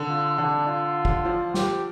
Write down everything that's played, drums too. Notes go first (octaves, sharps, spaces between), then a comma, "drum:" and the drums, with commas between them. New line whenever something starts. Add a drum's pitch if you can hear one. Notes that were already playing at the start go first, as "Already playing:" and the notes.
Already playing: D3
F4
D3 D4
F4
drum: kick
F3
G4, drum: snare